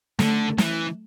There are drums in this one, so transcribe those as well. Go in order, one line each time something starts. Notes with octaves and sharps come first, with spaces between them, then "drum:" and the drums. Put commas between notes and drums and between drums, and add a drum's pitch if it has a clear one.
D3 A3, drum: snare
E3, drum: snare